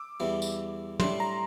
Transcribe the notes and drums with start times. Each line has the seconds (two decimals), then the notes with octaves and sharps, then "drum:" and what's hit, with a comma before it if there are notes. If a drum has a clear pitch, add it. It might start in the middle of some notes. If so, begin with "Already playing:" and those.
Already playing: D6 E6
0.20 E2 E3 G3
0.42 drum: tambourine
1.00 A2 G3 D4 C6, drum: tom
1.20 A#5